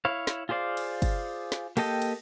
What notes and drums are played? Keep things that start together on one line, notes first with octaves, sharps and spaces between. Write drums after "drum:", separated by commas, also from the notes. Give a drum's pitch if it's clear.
E4 C#5 F5
drum: snare
F4 G#4 C5 D5 F5
drum: cymbal
drum: kick, cymbal
drum: snare
A#3 G4 A4 D#5 G5, drum: cymbal
drum: cymbal